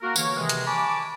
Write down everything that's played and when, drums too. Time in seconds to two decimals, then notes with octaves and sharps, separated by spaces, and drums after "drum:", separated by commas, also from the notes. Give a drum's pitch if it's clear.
0.02 A#3 F#4 A#4
0.16 D3 E3 A#3 C#5, drum: tambourine
0.35 C3 D#3 E3 G#3
0.49 drum: hi-hat
0.66 G#5 A5 B5 C#6 D6